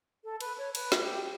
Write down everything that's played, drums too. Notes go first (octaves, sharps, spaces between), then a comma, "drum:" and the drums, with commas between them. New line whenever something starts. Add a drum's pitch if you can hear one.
A4
B4, drum: cymbal
C#5
B4, drum: cymbal
drum: snare
G4